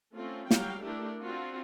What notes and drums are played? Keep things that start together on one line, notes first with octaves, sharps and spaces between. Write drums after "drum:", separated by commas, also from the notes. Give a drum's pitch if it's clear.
A3 C4 C#4 F4
F#3 G3 F5 G5, drum: snare
A3 D4 E4 G4 A#4
C4 D4 F4 F#4